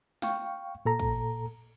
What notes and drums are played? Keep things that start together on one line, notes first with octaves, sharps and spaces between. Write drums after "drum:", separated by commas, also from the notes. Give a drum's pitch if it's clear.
F5 G5 C#6, drum: snare
A#2 A4 A#5
drum: kick, cymbal